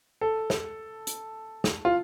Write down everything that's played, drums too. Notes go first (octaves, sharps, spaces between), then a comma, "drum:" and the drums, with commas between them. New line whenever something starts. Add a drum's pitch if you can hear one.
A4
drum: snare
drum: hi-hat
drum: snare
F4